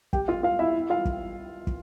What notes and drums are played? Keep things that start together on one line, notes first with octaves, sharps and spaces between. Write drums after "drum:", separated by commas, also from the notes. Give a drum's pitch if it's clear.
G4 G5, drum: kick
F4 F5
F4 F5
E4 E5
F4 F5
drum: kick
drum: kick